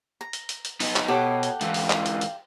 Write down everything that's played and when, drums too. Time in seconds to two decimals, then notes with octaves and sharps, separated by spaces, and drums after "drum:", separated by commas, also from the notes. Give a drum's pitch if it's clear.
0.21 A#5
0.33 drum: hi-hat
0.49 drum: hi-hat
0.65 drum: hi-hat
0.80 B3 D#4, drum: open hi-hat
0.96 drum: clap
1.08 B2 G4 A4 C#5 F#5
1.43 drum: hi-hat
1.61 G#2 E3 F5, drum: hi-hat
1.74 drum: open hi-hat
1.90 drum: clap
2.06 drum: hi-hat
2.21 drum: hi-hat